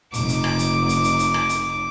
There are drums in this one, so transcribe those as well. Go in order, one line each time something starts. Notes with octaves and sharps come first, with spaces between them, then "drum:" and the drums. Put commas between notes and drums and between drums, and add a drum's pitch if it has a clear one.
F1 D#4 D6, drum: hi-hat
drum: hi-hat
drum: rim click
drum: hi-hat
drum: hi-hat
drum: hi-hat
drum: hi-hat
drum: rim click
drum: hi-hat